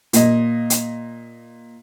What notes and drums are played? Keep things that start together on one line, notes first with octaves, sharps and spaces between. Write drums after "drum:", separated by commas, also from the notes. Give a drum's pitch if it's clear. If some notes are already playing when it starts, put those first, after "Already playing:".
A#2 D#5, drum: hi-hat
drum: hi-hat